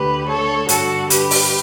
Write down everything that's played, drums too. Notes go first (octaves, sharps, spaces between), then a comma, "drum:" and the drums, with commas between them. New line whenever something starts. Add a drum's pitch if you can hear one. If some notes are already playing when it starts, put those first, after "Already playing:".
Already playing: D2 D3 G4 B4
A4 C#5
G2 D3 F#4 A4, drum: hi-hat
G4 B4, drum: hi-hat
drum: open hi-hat